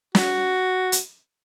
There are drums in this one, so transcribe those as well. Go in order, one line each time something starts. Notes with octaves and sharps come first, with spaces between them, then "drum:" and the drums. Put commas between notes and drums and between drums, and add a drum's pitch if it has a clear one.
F#4, drum: snare
drum: hi-hat